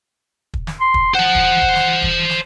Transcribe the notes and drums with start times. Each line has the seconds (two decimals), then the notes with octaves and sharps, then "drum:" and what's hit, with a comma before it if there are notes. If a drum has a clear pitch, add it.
0.54 drum: kick
0.67 drum: snare
0.81 C6
0.94 drum: kick
1.14 C5 F#5 A5
1.35 drum: kick
1.62 drum: kick
1.75 drum: snare
2.03 drum: kick
2.30 drum: snare